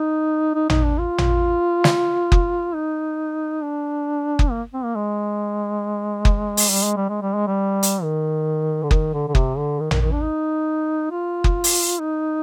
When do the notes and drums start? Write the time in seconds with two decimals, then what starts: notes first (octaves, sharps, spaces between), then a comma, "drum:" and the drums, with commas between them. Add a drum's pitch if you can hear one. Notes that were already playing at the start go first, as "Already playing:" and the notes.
Already playing: D#4
0.55 D#4
0.70 D#4, drum: tom A1
0.84 D4
0.99 F4
1.18 drum: tom A1
1.84 drum: snare
2.32 drum: kick F#1
2.75 D#4
3.63 D4
4.39 drum: kick F#1
4.51 A#3
4.73 C4
4.84 A#3
4.95 G#3
6.25 drum: kick F#1
6.57 drum: open hi-hat
6.71 G3
6.84 G#3
6.97 G3
7.09 G#3
7.22 G3
7.35 G#3
7.47 G3
7.83 drum: hi-hat
8.03 D#3
8.83 D3
8.91 D#3, drum: kick F#1
9.14 D3
9.28 D3
9.35 C3, drum: kick F#1
9.58 D3
9.80 D#3
9.91 D#3, drum: tom A1
10.02 D#3
10.12 D4
10.23 D#4
11.11 F4
11.44 drum: kick F#1
11.64 drum: open hi-hat
12.00 D#4